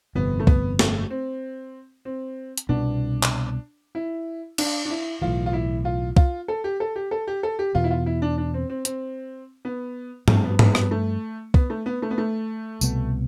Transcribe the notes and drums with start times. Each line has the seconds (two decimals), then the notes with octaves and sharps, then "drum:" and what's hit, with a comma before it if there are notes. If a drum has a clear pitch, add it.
0.15 G1 F2 C3 B3
0.40 A3
0.47 B3, drum: kick
0.79 A3, drum: snare
1.10 C4
2.05 C4
2.58 drum: hi-hat
2.69 C2 B2 B3 D4
3.23 drum: clap
3.95 E4
4.58 D4, drum: cymbal
4.85 D4
4.90 E4
5.22 B1 A2 E3 F4
5.46 F4
5.53 E4
5.85 F4
6.17 F4, drum: kick
6.48 A4
6.64 G4
6.80 A4
6.96 G4
7.11 A4
7.27 G4
7.43 A4
7.59 G4
7.75 E2 B2 B3 F4
7.84 E4
7.91 F4
8.06 E4
8.22 D4
8.38 D4
8.54 C4
8.70 C4
8.85 C4, drum: hi-hat
9.65 B3
10.28 G2 F3 A3 C4, drum: tom G#2
10.44 B3
10.59 B3, drum: tom G#2
10.75 B3, drum: rim click
10.91 A3
11.54 B3, drum: kick
11.70 A3
11.86 B3
12.02 A3
12.11 B3
12.18 A3
12.81 C2 B2 B3, drum: tambourine